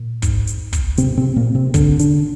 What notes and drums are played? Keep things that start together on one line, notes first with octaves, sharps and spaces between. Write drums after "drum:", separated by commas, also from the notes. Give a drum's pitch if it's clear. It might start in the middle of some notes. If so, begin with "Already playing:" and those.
Already playing: A#2
G#2, drum: kick, hi-hat
drum: hi-hat
drum: kick, hi-hat
G#2 C3 C4, drum: hi-hat
C3 C4
A#2 A#3
C3 C4
G#2 D3 D4, drum: kick, hi-hat
D3 D4, drum: hi-hat